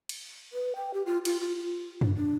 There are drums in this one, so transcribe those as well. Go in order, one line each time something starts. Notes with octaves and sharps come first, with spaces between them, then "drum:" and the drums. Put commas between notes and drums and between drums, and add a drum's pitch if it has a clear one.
drum: cymbal
B4
G5
G4
F4
F4, drum: cymbal
F4
F4
D4, drum: tom F#2
D4